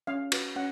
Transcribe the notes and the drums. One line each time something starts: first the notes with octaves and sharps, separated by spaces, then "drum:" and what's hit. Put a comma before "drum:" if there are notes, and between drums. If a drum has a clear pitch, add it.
C#4 F5
F#4 B4, drum: cymbal
C#4 F#5